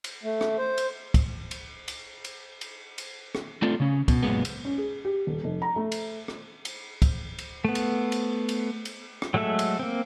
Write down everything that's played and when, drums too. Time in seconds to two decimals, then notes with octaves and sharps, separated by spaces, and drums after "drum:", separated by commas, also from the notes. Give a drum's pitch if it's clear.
0.04 drum: cymbal
0.23 A3
0.41 drum: rim click
0.58 C5
0.78 drum: cymbal
1.14 drum: kick, cymbal
1.51 drum: cymbal
1.88 drum: cymbal
2.24 drum: cymbal
2.61 drum: cymbal
2.98 drum: cymbal
3.35 drum: rim click
3.62 A3 C4 D4 F4 A4
3.80 C#3 C#4
4.08 B2, drum: kick, cymbal
4.23 F#2 A#2 G#3 B3
4.45 drum: cymbal
4.65 C#4
4.78 G#4
5.05 G4
5.27 D#1
5.44 F1
5.62 A#5
5.76 A3
5.92 drum: cymbal
6.28 drum: rim click
6.65 drum: cymbal
7.02 drum: kick, cymbal
7.38 drum: cymbal
7.65 A3 B3
7.75 drum: cymbal
8.12 drum: cymbal
8.49 drum: cymbal
8.85 drum: cymbal
9.22 drum: rim click
9.34 F#3 G#3 A3 A4 E5
9.59 drum: cymbal
9.79 A#3 C4